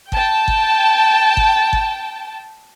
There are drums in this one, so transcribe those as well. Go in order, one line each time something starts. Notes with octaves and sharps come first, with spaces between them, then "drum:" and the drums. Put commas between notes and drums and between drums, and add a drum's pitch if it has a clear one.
G5 A5, drum: kick G1
drum: kick G1
drum: kick G1
drum: kick G1